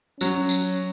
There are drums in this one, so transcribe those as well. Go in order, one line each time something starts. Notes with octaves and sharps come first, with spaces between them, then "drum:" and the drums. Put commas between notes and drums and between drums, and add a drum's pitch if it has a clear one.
F#3 C#4, drum: tambourine
drum: tambourine